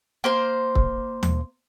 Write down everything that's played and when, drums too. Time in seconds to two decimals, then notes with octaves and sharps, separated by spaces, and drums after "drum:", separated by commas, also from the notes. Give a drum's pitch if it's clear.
0.24 A#3 C5 C6
0.75 drum: kick
1.23 drum: tom D#2